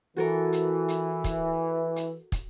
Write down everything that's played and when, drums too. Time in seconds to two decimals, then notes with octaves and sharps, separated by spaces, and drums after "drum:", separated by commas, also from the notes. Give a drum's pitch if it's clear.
0.17 E3 F#4 A4 A#4
0.52 drum: hi-hat
0.88 drum: hi-hat
1.24 drum: kick, hi-hat
1.96 drum: hi-hat
2.32 drum: kick, hi-hat